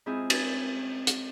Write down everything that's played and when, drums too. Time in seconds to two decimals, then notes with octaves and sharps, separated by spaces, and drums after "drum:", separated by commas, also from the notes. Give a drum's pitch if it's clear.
0.06 G#2 C4 E4 F4 G#4
0.30 drum: cymbal
1.07 drum: hi-hat